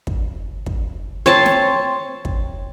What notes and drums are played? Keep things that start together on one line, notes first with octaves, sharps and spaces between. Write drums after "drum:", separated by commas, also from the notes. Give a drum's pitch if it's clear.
drum: kick
drum: kick
C4 C#5 A5 C6
drum: snare
drum: kick